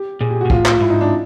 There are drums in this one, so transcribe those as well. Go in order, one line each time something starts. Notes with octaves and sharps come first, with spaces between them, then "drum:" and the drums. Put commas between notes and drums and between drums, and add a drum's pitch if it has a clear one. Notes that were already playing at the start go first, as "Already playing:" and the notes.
Already playing: G4
A#2 G#4
G4
F#4
A#2
A2 F4, drum: kick
F4, drum: clap
G#2 E4
D#4
D4